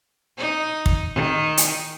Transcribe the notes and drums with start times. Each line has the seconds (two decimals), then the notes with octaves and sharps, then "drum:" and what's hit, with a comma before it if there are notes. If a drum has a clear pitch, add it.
0.38 D#4
0.86 drum: kick
1.14 D#3
1.57 drum: hi-hat